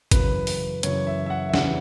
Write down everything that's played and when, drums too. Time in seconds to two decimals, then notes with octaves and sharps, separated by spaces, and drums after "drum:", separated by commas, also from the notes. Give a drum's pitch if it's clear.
0.11 F#2 C#3 E3 B4, drum: kick G1, hi-hat
0.47 drum: open hi-hat
0.83 F#2 C#3 E3 C#5, drum: hi-hat
1.07 E5
1.26 E5
1.30 F#5
1.49 E5
1.54 E2 C#3 E3 F#5, drum: snare